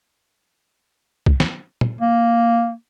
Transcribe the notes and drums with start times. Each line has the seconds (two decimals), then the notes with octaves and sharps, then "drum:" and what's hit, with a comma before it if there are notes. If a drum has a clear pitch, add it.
1.26 drum: kick
1.40 drum: snare
1.81 drum: tom
2.01 A#3